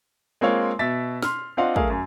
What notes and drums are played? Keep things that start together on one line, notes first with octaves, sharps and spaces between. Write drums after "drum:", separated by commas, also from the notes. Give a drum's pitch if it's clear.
G#3 A#3 C4 F4 C#5 F5
B2 E5 A6 B6
C6 F6, drum: snare
C4 D4 F4 D#5 F5 F#5
A3 G#4 A#4 F5, drum: kick
F#2